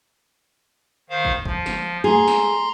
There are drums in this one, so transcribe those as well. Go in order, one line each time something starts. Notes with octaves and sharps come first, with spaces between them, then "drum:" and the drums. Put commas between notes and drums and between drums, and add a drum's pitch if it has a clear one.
D#3 C5 F5
drum: kick
F3, drum: kick
drum: snare
A3 G#4 A#5 C6
drum: snare